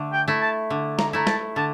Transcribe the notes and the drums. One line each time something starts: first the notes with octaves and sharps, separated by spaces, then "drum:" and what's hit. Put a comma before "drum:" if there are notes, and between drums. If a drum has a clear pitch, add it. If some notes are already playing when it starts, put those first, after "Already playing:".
Already playing: D3 A3
G5
A3 E4
A5
D3
A#5, drum: snare
A3 E4 A#5
A5, drum: snare
D3 A5